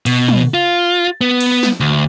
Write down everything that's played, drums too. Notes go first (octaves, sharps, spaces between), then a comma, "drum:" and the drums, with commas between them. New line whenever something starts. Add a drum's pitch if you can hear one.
B2, drum: cymbal
drum: tom
F4
B3
drum: cymbal
drum: snare
D2